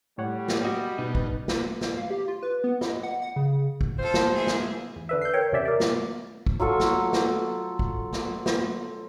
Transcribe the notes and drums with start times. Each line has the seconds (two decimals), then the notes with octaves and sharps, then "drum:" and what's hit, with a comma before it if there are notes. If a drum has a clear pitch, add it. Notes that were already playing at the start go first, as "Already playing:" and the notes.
0.18 A2 G3 C#5 F#5
0.48 drum: snare
0.65 F#4 D#5
0.98 B2 D#4
1.15 drum: kick
1.48 drum: snare
1.81 drum: snare
1.98 F5
2.10 G4
2.28 F4
2.43 B4
2.64 B3
2.81 D#5, drum: snare
3.03 F#5
3.22 F#5
3.36 C#3
3.81 drum: kick
3.99 F4 A4 C5
4.14 drum: snare
4.35 G#3 E4 G#4
4.47 drum: snare
4.96 E2
5.09 D3 B4 E5
5.22 G6 C7
5.33 A#4 C#5 G5
5.52 E2 C3 C#4 D5 E5
5.65 A#4 D5
5.80 drum: snare
6.46 drum: kick
6.60 F#3 F4 A4 C#6
6.80 drum: snare
7.13 drum: snare
7.79 drum: kick
8.13 drum: snare
8.46 drum: snare